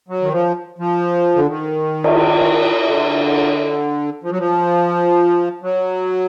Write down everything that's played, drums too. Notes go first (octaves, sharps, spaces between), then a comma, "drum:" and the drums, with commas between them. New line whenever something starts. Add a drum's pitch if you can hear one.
F#3
D#3
F3
F3
D3
D#3
drum: cymbal
D3
F3
F#3
F3
F#3